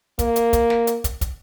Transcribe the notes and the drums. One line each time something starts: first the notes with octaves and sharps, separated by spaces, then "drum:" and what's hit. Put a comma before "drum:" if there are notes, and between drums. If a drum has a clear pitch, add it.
A#3, drum: kick, hi-hat
drum: hi-hat
drum: kick, hi-hat
drum: snare
drum: hi-hat
drum: kick, hi-hat
drum: kick, hi-hat